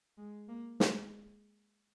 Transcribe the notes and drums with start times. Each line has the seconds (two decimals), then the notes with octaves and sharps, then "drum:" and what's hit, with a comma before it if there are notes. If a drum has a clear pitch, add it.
0.18 G#3
0.49 A#3
0.80 G#3, drum: snare